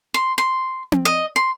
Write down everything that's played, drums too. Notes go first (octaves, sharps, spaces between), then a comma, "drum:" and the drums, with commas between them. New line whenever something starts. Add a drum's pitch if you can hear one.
C6
C6
drum: tom C4
D#5
C6